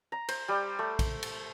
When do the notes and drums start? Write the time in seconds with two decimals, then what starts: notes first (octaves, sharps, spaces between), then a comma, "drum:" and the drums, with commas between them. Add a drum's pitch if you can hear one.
0.12 A#5
0.28 C5, drum: cymbal
0.48 G3
0.79 A3
0.99 drum: kick A#1, cymbal
1.23 drum: cymbal